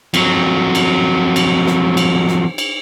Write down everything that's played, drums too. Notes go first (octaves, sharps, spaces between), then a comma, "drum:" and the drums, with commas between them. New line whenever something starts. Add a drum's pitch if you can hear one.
F2 F#3, drum: cymbal
drum: cymbal
drum: cymbal
drum: snare
drum: cymbal
drum: snare
drum: cymbal